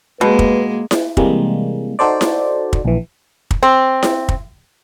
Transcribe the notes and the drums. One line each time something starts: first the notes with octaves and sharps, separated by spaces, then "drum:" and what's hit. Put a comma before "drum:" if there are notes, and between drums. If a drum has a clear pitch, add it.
B2 G#3 A#3 B4
drum: kick
drum: snare E4
C3 E3 G3 G#3 A#3, drum: kick
D#4 F#4 A4 C5 D5
drum: snare E4
drum: kick
A#1 E3
drum: kick
C4
drum: snare E4
drum: kick